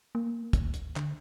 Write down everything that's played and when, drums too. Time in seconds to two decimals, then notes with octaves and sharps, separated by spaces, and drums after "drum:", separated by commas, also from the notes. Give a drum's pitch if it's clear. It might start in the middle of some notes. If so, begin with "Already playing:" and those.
0.15 A#3
0.53 D2, drum: kick, hi-hat
0.74 drum: hi-hat
0.96 D3, drum: clap